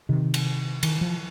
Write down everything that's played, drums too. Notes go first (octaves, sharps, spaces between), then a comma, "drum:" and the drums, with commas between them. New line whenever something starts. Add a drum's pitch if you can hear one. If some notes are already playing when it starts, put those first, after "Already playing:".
C3 D#3
drum: cymbal
D#3, drum: cymbal
F3